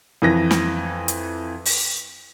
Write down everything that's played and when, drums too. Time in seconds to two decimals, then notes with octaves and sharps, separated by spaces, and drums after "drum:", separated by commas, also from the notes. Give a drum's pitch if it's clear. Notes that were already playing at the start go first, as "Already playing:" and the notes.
0.22 F2 E3 A#6
0.51 drum: snare
1.08 drum: hi-hat
1.65 drum: open hi-hat